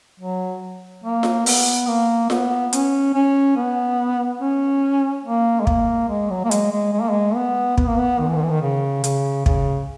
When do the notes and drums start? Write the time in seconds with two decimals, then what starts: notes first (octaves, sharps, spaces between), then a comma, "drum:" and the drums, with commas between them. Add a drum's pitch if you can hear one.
0.20 F#3
1.04 A#3
1.23 drum: snare F4
1.46 B3, drum: open hi-hat
1.87 A#3
2.30 B3, drum: snare F4
2.73 C#4, drum: hi-hat
3.14 C#4
3.56 B3
4.41 C#4
5.25 A#3
5.61 G#3
5.67 A#3, drum: kick
6.09 G#3
6.30 F#3
6.45 A#3
6.51 G#3, drum: hi-hat
6.72 G#3
6.93 G#3
7.02 A#3
7.11 G#3
7.35 B3
7.78 B3, drum: kick
7.88 A#3
7.98 B3
8.20 D#3
8.27 E3
8.35 D#3
8.42 E3
8.50 D#3
8.62 C#3
9.04 C#3, drum: hi-hat
9.46 C#3, drum: kick